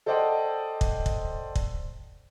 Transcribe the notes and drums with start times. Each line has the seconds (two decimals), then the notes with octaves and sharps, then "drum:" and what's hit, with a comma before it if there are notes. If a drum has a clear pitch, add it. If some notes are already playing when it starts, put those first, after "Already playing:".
0.06 A4 C5 D5 D#5 F#5 G5
0.81 drum: kick
1.06 drum: kick
1.55 drum: kick